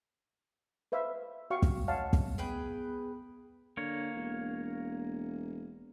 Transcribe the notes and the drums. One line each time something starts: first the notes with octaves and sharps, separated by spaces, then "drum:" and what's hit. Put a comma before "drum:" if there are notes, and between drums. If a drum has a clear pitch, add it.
B4 C5 E5 F5
F#4 F5 G5 C#6
drum: kick
C#5 D#5 F5 F#5 A5
drum: kick
B3 G#4 B4 G5
D3 A#3 C#5
E1